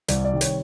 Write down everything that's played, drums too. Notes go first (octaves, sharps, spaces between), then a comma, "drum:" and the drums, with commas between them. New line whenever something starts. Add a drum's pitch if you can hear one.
C2 D5, drum: hi-hat
D5
C3 D#3 G3 C4
C#5, drum: hi-hat